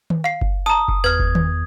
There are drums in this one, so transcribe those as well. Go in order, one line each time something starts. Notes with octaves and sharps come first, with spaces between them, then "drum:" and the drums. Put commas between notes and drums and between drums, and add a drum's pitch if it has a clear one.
drum: tom D#3
F5 C7
drum: kick F#1
A5 A#5 D#6
drum: kick F#1
E2 B4 F6 G#6
drum: kick F#1
drum: tom D#3